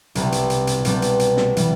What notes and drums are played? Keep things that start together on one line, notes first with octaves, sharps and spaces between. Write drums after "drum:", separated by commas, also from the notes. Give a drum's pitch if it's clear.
C2 B2 G3 C4 G4, drum: hi-hat
drum: hi-hat
drum: hi-hat
drum: hi-hat
C2 B2 G3 C4 G4, drum: hi-hat
drum: hi-hat
drum: hi-hat
drum: snare
E3 G3, drum: hi-hat